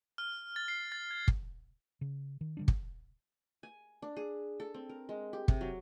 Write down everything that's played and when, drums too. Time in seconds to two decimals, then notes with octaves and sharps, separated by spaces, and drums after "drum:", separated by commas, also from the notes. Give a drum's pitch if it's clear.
0.18 F6
0.56 A6
0.68 C7
0.92 A6
1.11 G#6
1.28 drum: kick
2.01 C#3
2.41 D#3
2.57 D3 G3 D4
2.68 drum: kick
3.63 G#5
4.02 D4
4.17 G#4
4.60 A4
4.74 C4
4.89 A#4
5.09 G#3
5.33 G4
5.48 C3, drum: kick
5.61 F#3